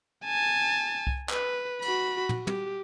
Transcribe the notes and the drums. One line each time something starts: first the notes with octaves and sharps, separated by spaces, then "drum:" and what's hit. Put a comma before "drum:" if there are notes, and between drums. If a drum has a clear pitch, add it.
G#5 A5
drum: kick C2
B4, drum: clap
F#4 B5, drum: cymbal
drum: tom
G4, drum: tom